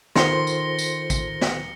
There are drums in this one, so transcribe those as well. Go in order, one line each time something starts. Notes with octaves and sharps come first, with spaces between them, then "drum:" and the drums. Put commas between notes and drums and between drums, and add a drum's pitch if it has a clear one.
D#3 F4 A4 C5 C6 A#6 C#7 G7, drum: snare
drum: tambourine
drum: tambourine
drum: kick A1, tambourine
drum: snare